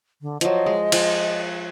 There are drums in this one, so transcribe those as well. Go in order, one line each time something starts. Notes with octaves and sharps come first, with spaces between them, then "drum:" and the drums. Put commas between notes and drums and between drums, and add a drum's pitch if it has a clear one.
D3
F3 F#3 D#5, drum: hi-hat
G#3
F3, drum: cymbal